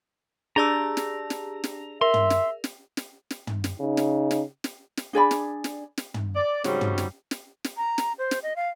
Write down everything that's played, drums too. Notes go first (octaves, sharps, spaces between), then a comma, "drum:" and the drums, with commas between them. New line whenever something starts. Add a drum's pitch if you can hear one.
D4 G4 G#4 D5 A5 A#5 E6
drum: snare
drum: snare
drum: snare
A#4 E5 C6
drum: tom
drum: snare
drum: snare
drum: snare
drum: snare
drum: tom
drum: snare
C#3 D#4
drum: snare
drum: snare
drum: snare
drum: snare
D4 G#4 D5 B5
drum: snare
drum: snare
drum: snare
drum: tom
D5
G#2 C#3 F#3 G3 C4, drum: snare
drum: tom
drum: snare
drum: snare
drum: snare
A#5
drum: snare
C5
drum: snare
D#5
F5